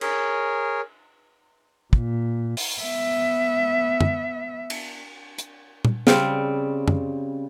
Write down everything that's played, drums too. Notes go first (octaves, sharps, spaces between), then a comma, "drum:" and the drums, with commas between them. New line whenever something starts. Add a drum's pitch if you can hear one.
G#4 A#4 C#5, drum: cymbal
A#2, drum: kick
drum: open hi-hat
B3 E5
drum: tom F#2
drum: cymbal
drum: hi-hat
drum: tom A#2
C#3 G3 C4, drum: snare
drum: tom F#2